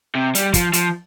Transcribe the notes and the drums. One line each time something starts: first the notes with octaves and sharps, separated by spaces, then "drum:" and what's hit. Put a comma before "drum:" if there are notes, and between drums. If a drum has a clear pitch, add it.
C3
G3, drum: hi-hat
F3, drum: kick, hi-hat
F3, drum: hi-hat